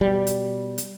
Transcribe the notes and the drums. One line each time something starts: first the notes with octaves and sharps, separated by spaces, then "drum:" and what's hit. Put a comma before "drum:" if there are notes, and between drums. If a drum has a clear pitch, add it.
B2 G3
drum: hi-hat
drum: hi-hat